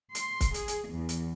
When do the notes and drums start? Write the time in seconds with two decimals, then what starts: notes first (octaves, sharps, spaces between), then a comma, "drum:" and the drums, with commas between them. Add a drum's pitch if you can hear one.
0.15 C6, drum: hi-hat
0.41 drum: kick, hi-hat
0.54 G#4, drum: hi-hat
0.68 drum: hi-hat
0.90 E2
1.09 drum: hi-hat